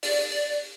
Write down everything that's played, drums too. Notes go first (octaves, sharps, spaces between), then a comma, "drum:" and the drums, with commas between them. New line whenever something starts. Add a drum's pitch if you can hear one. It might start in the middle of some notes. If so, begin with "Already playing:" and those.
D5, drum: open hi-hat
D5